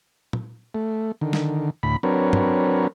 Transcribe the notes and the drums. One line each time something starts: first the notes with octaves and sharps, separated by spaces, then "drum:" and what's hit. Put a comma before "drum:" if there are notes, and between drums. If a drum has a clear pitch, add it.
drum: tom
A3
D3 D#3
drum: snare
D2 A2 B5
F#3 C4 D4 A#4 B4 C#5
drum: tom